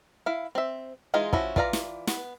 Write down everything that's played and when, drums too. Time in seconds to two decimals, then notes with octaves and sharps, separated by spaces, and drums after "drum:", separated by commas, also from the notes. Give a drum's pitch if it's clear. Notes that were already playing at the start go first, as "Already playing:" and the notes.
0.26 E4 F5
0.55 C4 E5
1.14 E3 G#3 D#4 F4 G#4
1.33 F3 C#4 E4 F#4, drum: kick
1.56 E3 F4 D5 F5 A#5, drum: kick
1.73 drum: snare
2.07 B3, drum: snare